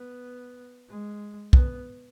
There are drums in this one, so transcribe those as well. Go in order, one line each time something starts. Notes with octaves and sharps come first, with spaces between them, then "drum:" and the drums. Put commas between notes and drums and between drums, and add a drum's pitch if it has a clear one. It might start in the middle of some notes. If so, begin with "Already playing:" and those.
Already playing: B3
G#3
B3, drum: kick